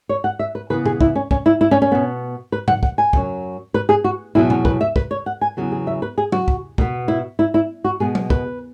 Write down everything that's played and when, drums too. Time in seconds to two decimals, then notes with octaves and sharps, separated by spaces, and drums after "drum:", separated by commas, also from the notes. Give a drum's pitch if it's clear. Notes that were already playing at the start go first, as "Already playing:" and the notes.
0.09 C#5
0.24 F#5
0.39 E5
0.55 B4
0.70 C#3 E3 B3 B4
0.86 G#4, drum: tom A#2
1.01 E4, drum: kick
1.15 C#4
1.31 C#4, drum: kick
1.46 E4
1.61 E4
1.71 C#4
1.82 C#4
1.92 B2 B3
2.52 B4
2.68 F#5, drum: tom A2
2.83 F#5, drum: kick
2.98 G#5
3.13 F#2 F#3 C#4, drum: kick
3.74 B4
3.89 G#4
4.04 F#4
4.35 E2 B2 F#3 E4
4.50 C#4, drum: tom A#2
4.65 B4, drum: kick
4.81 E5
4.96 B4, drum: kick
5.11 C#5
5.26 F#5
5.41 G#5
5.57 E2 C#3 F#3 B3
5.72 G#4
5.87 E5
6.02 B4
6.18 G#4
6.32 F#4, drum: tom F#3
6.48 drum: kick
6.78 B2 B3, drum: kick
7.08 E4
7.39 E4
7.54 E4
7.84 F#4
8.00 B2 G#3 B3 G#4
8.15 drum: tom F#3
8.30 B4, drum: kick